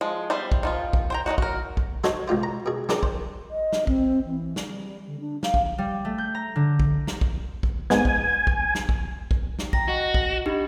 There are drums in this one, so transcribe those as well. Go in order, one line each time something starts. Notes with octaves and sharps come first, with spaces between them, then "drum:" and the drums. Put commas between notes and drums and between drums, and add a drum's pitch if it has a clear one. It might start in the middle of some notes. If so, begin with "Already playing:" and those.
F3 G#3
G3 B3 C5 E5
drum: kick
D#3 F3 F4
drum: kick
C5 G5 A#5
F#3 A3 D#4 F#4
F#4 A#4, drum: kick
drum: kick
F#4 A4 C5 C#5 D#5 G#5, drum: snare
C#2 B2 F4 C5
A#5
B2 G#4
C4 D4 G#4 A#4, drum: snare
C5, drum: kick
D#5
drum: snare
C4, drum: kick
E3
drum: snare
G3
D3
D4
F5, drum: snare
drum: kick
G3
A3
G6
A#5
D3
drum: kick
drum: snare
drum: kick
drum: kick
G#2 B3 G#5, drum: snare
drum: kick
drum: kick
drum: snare
drum: kick
drum: kick
drum: snare
G5 A#5 A#6, drum: kick
F#4 D#5 F#5
drum: kick
D4 D#4 G4 D#5 B5